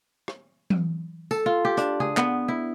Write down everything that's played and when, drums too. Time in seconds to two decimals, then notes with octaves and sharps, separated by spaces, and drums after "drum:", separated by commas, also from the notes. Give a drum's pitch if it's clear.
0.28 drum: rim click
0.70 drum: tom E3
1.31 A4, drum: tambourine
1.46 F4
1.65 G4
1.77 D4, drum: hi-hat
2.00 G#4, drum: tom C#3
2.17 B3, drum: clap
2.48 E4